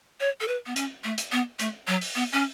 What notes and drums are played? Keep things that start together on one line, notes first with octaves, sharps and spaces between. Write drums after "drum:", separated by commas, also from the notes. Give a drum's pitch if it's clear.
C#5
A4
B4
B3
C#4, drum: hi-hat
A3
drum: hi-hat
B3
A3, drum: hi-hat
F#3
drum: open hi-hat
B3
C#4